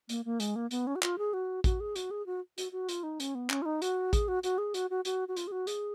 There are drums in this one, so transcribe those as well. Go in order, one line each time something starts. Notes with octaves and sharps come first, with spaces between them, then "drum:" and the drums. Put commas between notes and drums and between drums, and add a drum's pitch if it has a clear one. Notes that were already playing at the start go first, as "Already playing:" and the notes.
A#3, drum: hi-hat
A#3
G#3, drum: hi-hat
A#3
B3, drum: hi-hat
C#4
F#4
F4, drum: clap
G#4
F#4
F#4, drum: kick A1, hi-hat
G#4
F#4, drum: hi-hat
G#4
F#4
F#4, drum: hi-hat
F#4
F4, drum: hi-hat
D#4
C#4, drum: hi-hat
B3
C#4, drum: clap
F4
D#4
F#4, drum: hi-hat
G#4, drum: kick A1, hi-hat
F#4
F#4, drum: hi-hat
G#4
F#4, drum: hi-hat
F#4
F#4, drum: hi-hat
F#4
F4, drum: hi-hat
G#4
F#4
G#4, drum: hi-hat